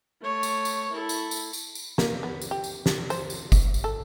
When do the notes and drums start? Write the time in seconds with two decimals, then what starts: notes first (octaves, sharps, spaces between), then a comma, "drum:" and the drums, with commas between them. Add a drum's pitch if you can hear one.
0.21 A3 C#5
0.43 drum: tambourine
0.65 drum: tambourine
0.92 E4 A4
1.09 drum: tambourine
1.31 drum: tambourine
1.53 drum: tambourine
1.75 drum: tambourine
1.98 A#3, drum: snare
2.23 B3
2.42 drum: tambourine
2.51 G4
2.64 drum: tambourine
2.86 drum: snare
3.10 C5, drum: tambourine
3.30 drum: tambourine
3.52 drum: kick F#1, tambourine
3.74 drum: tambourine
3.84 A4